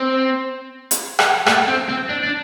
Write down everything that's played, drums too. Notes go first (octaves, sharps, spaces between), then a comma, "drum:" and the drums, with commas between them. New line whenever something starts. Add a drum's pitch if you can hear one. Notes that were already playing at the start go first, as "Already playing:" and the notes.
Already playing: C4
drum: hi-hat
drum: rim click
A3, drum: rim click
C4
C4
D4
D4